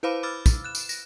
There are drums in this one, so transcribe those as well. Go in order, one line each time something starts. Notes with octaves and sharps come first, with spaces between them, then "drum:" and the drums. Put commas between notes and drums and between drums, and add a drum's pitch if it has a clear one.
E4 B4 C5 F5 B5 D6
B5 D6 E6 F6 A6
drum: kick, tambourine
F#6 E7
drum: tambourine
A#6, drum: tambourine